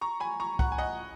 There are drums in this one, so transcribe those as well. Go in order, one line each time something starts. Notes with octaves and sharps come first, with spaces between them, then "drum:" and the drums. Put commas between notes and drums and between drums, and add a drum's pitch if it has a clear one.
A#5 C#6
G#5 B5
A#5 C#6
F#5 A#5, drum: kick C2
G#5
D#5 F#5